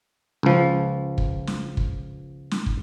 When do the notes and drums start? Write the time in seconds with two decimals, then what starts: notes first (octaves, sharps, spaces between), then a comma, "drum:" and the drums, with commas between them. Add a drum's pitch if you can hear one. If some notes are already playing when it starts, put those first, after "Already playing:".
0.43 C#2 F3
1.18 drum: kick
1.47 drum: snare
1.77 drum: kick
2.51 drum: snare
2.66 drum: kick